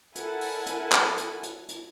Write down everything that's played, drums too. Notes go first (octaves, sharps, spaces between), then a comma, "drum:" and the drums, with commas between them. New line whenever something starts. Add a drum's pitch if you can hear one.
E4 A4 A#4 F#5 G#5 A5, drum: hi-hat
drum: open hi-hat
drum: hi-hat
drum: clap
drum: hi-hat
drum: hi-hat
drum: hi-hat